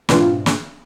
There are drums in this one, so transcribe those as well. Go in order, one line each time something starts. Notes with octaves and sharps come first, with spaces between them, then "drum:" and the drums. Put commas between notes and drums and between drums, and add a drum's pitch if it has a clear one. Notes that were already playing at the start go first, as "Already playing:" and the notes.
G#2 B2 E3 C4 D4 F4, drum: snare
drum: snare